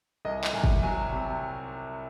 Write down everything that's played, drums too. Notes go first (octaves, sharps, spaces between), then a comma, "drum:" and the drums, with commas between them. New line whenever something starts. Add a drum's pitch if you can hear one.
C2 D#5
drum: clap
C2 G#5
drum: kick
F#3 G#5
C3